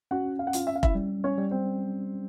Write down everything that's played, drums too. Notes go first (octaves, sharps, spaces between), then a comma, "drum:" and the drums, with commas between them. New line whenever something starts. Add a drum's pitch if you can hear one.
C#4 F#4 F#5
F5
F#5
C#4 F4 F5, drum: hi-hat
E5
F5
E4 E5, drum: kick F1
G3
C#4 C#5
G3
C4 C5